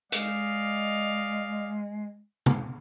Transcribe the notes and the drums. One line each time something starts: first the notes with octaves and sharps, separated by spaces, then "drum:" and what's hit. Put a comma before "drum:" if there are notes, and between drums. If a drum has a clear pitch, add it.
G#3 D5 D#5 F5, drum: hi-hat
drum: tom C3